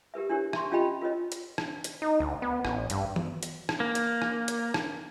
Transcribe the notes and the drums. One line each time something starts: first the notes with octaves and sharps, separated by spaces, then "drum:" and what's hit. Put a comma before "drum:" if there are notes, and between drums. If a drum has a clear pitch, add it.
G4 A#4 B4 E5
D4 E4 G4 A#4 C#5
E5 A#5 C6 C#6, drum: rim click
C#4 F4 G4 D#5 G5 B5
F4 A#4 C5 C#5 D#5
drum: hi-hat
drum: rim click
drum: hi-hat
D#4
D2
B3
A1, drum: rim click
G2, drum: hi-hat
drum: tom D#3
drum: hi-hat
drum: rim click
A#3
drum: hi-hat
drum: rim click
drum: hi-hat
drum: rim click